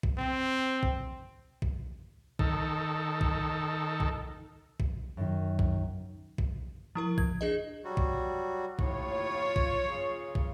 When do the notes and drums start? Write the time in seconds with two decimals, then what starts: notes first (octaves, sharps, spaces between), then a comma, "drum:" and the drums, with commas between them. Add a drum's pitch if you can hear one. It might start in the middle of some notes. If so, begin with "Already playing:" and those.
0.03 drum: kick
0.18 C4
0.83 drum: kick
1.62 drum: kick
2.39 D#3 A4, drum: kick
3.21 drum: kick
4.00 drum: kick
4.80 drum: kick
5.17 F#2 D#3
5.59 drum: kick
6.38 drum: kick
6.95 F3 E4 A#4
7.18 G#6, drum: kick
7.41 D4 G#4 D#5
7.84 F#3 G3 F#4
7.97 drum: kick
8.79 D#2 A2 F4 C#5, drum: kick
9.56 drum: kick
9.88 C#3
10.35 drum: kick